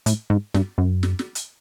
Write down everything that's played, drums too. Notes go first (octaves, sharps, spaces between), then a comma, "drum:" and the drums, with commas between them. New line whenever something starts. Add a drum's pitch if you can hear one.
A2, drum: hi-hat
G#2
G2, drum: snare
F#2
drum: snare
drum: snare
drum: hi-hat